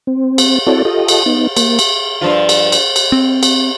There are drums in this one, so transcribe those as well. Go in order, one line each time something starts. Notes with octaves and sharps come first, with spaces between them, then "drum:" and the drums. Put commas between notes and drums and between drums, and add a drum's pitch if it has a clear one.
C4
drum: cymbal
C4 E4 F#4 A4 C#5 D5
F4 G4 A4 D#5
drum: cymbal
B3 D#4
A#3, drum: cymbal
drum: cymbal
G2 F3 F4
drum: cymbal
drum: cymbal
drum: cymbal
C4
drum: cymbal